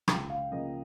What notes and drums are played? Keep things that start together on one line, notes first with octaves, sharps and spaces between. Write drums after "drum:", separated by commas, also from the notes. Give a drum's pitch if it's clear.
C#2 G5, drum: rim click
F5
C#3 F3 A#3 D#5